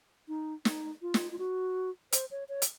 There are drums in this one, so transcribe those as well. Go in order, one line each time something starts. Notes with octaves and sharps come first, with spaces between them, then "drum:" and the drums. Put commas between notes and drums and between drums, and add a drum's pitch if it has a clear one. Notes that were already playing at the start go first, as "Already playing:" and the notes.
D#4
D#4, drum: snare
F4
drum: snare
F4
F#4
C5, drum: hi-hat
C#5
C#5
drum: hi-hat